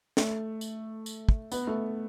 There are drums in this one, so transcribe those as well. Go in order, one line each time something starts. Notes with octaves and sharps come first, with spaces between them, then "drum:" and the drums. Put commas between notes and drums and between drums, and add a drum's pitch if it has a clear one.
A3, drum: snare
drum: tambourine
drum: tambourine
drum: kick
B3, drum: tambourine
A3